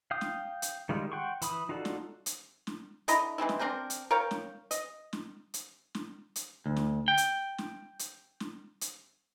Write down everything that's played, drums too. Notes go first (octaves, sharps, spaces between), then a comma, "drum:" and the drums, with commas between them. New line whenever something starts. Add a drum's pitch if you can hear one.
F5 G5 D#6
drum: snare
drum: hi-hat
D#3 G3 G#3 F4
F#5 G5 C6 C#6
E3 B5 D#6, drum: hi-hat
D#4 F4 F#4 A4 D5
drum: snare
drum: hi-hat
drum: snare
D3 E4 D#5 A#5, drum: hi-hat
E3 G#3 C4 E4
drum: snare
C4 D4 A#4 G5
drum: hi-hat
A#4 C#5 F5 G5
drum: snare
D#5, drum: hi-hat
drum: snare
drum: hi-hat
drum: snare
drum: hi-hat
D2
drum: snare
G5
drum: hi-hat
drum: snare
drum: hi-hat
drum: snare
drum: hi-hat